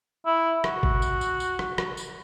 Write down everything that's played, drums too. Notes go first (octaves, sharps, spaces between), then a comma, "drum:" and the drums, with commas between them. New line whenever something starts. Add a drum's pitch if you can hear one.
E4
F#4, drum: rim click
drum: kick
drum: tambourine
drum: tambourine
drum: tambourine
drum: rim click
drum: rim click
drum: tambourine